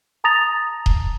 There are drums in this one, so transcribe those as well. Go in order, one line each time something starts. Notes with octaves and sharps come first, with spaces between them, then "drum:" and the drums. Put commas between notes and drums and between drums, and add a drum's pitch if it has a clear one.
A5 A#5 D#6 A6 A#6 F7
drum: kick D#1